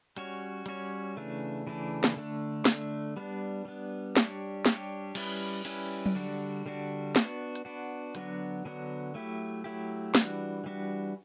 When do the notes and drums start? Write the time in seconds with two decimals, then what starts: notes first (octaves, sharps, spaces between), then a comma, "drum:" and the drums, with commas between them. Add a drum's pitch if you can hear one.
0.17 G3 C#4 F#4 C#5, drum: hi-hat
0.66 G3 C#4 F#4 C#5, drum: hi-hat
1.16 C#3 E3 A3 D4
1.67 C#3 E3 A3 D4
2.04 drum: snare
2.16 D3 A3 D4
2.65 D3 A3 D4, drum: snare
3.17 G3 B3 D4
3.65 G3 B3 D4
4.17 G3 D4 G4 C#5, drum: snare
4.66 G3 D4 G4 C#5, drum: snare
5.15 G3 C#4 E4 B4, drum: cymbal
5.65 G3 C#4 E4 B4, drum: cymbal
6.06 drum: tom F#3
6.15 D3 G3 D4 F#4
6.66 D3 G3 D4 F#4
7.16 B3 D4 F#4, drum: snare
7.56 drum: hi-hat
7.65 B3 D4 F#4
8.15 D3 F#3 B3 D4 F#4, drum: hi-hat
8.65 D3 F#3 B3 D4 F#4
9.14 F#3 A3 E4 G4
9.64 F#3 A3 E4 G4
10.15 E3 G3 D4 F#4, drum: snare
10.64 E3 G3 D4 F#4